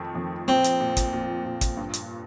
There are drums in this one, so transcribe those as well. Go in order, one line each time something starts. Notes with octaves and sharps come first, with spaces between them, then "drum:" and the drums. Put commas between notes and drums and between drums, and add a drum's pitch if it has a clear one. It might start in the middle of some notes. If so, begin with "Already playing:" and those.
Already playing: F2 D#3 A3
F2
A#2 C4
drum: hi-hat
A#2
drum: kick, hi-hat
A#2
A#2
drum: kick, hi-hat
G2
drum: hi-hat